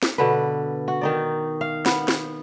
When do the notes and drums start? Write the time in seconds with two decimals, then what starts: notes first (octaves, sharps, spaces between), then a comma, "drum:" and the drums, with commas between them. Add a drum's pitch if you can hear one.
0.03 drum: snare
0.18 B2 D3 B4
0.88 F#4
1.01 D#3 D#4 D5
1.61 F5
1.86 B3, drum: snare
2.08 drum: snare